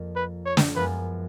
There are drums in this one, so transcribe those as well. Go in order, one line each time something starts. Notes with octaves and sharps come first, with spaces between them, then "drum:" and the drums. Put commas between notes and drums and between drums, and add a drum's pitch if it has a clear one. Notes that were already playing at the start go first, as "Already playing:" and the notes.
Already playing: F2 F3 A#3 F4
B4
C#5
drum: snare
F#2 F3 G#3 B3 F4 B4